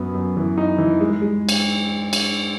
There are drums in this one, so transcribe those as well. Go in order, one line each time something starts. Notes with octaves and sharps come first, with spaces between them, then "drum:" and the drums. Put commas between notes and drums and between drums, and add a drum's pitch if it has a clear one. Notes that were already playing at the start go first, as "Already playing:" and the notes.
Already playing: F#2 B3
F#2
E3
D#4
E3
G#3
G#3
drum: cymbal
drum: cymbal